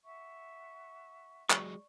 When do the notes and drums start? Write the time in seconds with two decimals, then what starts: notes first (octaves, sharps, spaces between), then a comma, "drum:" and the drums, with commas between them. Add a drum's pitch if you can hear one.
0.04 E5 F#5 C#6
1.50 F#3 G#3 D5 C#6, drum: clap